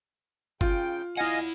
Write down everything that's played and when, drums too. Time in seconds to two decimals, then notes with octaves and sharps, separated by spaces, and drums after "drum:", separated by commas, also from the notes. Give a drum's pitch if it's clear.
0.61 C#3 F4 G5, drum: kick
1.17 E4 D#5 F5 F#5 G#5